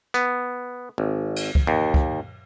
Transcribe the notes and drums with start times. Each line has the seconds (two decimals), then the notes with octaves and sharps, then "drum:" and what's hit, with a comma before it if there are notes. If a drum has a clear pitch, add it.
0.14 B3, drum: tambourine
0.98 G#1
1.36 drum: cymbal
1.55 drum: kick
1.67 D#2
1.94 drum: kick